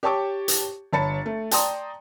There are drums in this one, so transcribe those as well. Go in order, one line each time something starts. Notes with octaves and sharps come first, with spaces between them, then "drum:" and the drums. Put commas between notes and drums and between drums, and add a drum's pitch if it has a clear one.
G4 C#5 G5 A5 C#6 D6
drum: hi-hat
G1 C#5 A5 B5 A6 C#7
A3
D5 G5 A5 A#5 C6 D#6, drum: hi-hat